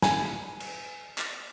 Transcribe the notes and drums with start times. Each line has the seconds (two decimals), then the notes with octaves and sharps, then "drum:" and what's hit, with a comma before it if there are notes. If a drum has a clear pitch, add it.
0.02 G#5, drum: snare
0.60 drum: cymbal
1.18 drum: clap